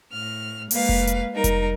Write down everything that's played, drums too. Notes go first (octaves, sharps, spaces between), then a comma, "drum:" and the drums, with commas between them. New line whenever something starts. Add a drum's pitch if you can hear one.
A2 F6
G#3 A#3 B4 F5, drum: open hi-hat
drum: kick F1
drum: hi-hat
G3 D#4 A#4
drum: kick F1, hi-hat